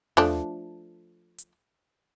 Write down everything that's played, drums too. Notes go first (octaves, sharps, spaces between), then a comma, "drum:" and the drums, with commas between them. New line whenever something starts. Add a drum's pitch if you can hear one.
F3 A3 D4, drum: tom
drum: hi-hat